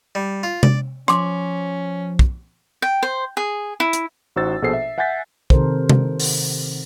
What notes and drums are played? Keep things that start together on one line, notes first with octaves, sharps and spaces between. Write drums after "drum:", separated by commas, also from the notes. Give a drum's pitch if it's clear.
G3
F4
D5, drum: tom C3
F3 C#4 C6 D6, drum: rim click
drum: kick
G5
C5
G#4
E4
drum: hi-hat
A1 D#4 F#4 C5 E6 A6
A#1 B2 G#4 A4 C5 C7
E5
E5 F#5 G#5 G6 A6 B6
C3 D#3 A4 A#4 C5, drum: kick
drum: tom C3
drum: open hi-hat